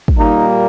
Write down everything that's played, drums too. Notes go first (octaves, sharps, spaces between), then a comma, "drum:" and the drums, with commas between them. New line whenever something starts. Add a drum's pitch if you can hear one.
drum: kick
A#2 G3 A#3 D#4